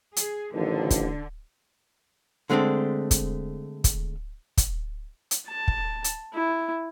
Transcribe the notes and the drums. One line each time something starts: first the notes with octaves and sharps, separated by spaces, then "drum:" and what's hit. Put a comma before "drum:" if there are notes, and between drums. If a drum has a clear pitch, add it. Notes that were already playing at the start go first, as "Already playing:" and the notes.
G#4, drum: hi-hat
A1 D3 D#3 F3
drum: kick, hi-hat
D3 G#3 A3 C4 D4
drum: kick, hi-hat
drum: kick, hi-hat
drum: kick, hi-hat
drum: hi-hat
A5
drum: kick
drum: hi-hat
E4